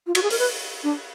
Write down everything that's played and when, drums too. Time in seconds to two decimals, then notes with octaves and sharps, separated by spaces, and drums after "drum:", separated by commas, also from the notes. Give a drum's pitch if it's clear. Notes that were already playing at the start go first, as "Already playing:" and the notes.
0.07 F4
0.15 F#4, drum: cymbal
0.23 G#4
0.30 A#4, drum: open hi-hat
0.39 B4
0.83 D4